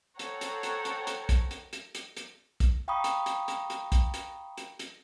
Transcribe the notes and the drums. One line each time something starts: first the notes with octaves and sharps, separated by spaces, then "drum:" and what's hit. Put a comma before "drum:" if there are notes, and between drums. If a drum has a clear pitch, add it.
A4 C5 C#5 F#5 G5 A#5, drum: hi-hat
drum: hi-hat
drum: hi-hat
drum: hi-hat
drum: hi-hat
drum: kick, hi-hat
drum: hi-hat
drum: hi-hat
drum: hi-hat
drum: hi-hat
drum: kick, hi-hat
F5 G5 A#5 B5 C#6 D#6
drum: hi-hat
drum: hi-hat
drum: hi-hat
drum: hi-hat
drum: kick, hi-hat
drum: hi-hat
drum: hi-hat
drum: hi-hat